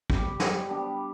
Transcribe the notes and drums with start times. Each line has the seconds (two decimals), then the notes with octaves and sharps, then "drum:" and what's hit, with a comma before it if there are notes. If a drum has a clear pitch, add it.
0.10 G3 B3 G4, drum: kick
0.40 drum: snare
0.69 G3 B3 D4